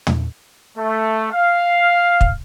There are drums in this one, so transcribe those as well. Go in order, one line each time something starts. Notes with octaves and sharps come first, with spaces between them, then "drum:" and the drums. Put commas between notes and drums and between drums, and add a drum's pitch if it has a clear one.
drum: tom
A3
F5
drum: kick